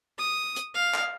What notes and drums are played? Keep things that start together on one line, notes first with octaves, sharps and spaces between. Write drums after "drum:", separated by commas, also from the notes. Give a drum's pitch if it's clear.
D#6
drum: hi-hat
F5
drum: clap